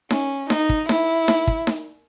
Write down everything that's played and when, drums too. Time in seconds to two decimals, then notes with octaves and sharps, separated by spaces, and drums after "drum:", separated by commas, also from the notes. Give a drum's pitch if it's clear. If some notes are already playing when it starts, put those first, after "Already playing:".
0.11 C#4, drum: snare D#4
0.50 D#4, drum: snare D#4
0.69 drum: kick
0.89 E4, drum: snare D#4
1.28 drum: snare D#4
1.48 drum: kick
1.67 drum: snare D#4